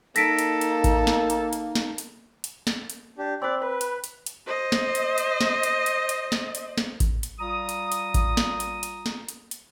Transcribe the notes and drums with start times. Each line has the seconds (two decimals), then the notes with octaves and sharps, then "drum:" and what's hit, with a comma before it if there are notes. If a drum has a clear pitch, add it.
0.16 A#3 D#4 A4 A#6 B6 D7, drum: hi-hat
0.39 drum: hi-hat
0.61 drum: hi-hat
0.84 drum: kick A1, hi-hat
1.07 drum: snare
1.30 drum: hi-hat
1.53 drum: hi-hat
1.75 drum: snare
1.98 drum: hi-hat
2.44 drum: hi-hat
2.67 drum: snare
2.90 drum: hi-hat
3.18 D4 G4
3.42 C4 B4 D5
3.62 B4 B5
3.81 drum: hi-hat
4.04 drum: hi-hat
4.26 drum: hi-hat
4.46 C5 D#5
4.72 drum: snare
4.95 drum: hi-hat
5.18 drum: hi-hat
5.41 drum: snare
5.63 drum: hi-hat
5.86 drum: hi-hat
6.09 drum: hi-hat
6.32 drum: snare
6.55 drum: hi-hat
6.78 drum: snare
7.00 drum: kick A1, hi-hat
7.23 drum: hi-hat
7.39 G3 F4 A#5 D#6
7.69 drum: hi-hat
7.92 drum: hi-hat
8.14 drum: kick A1, hi-hat
8.37 drum: snare
8.60 drum: hi-hat
8.83 drum: hi-hat
9.06 drum: snare
9.29 drum: hi-hat
9.51 drum: hi-hat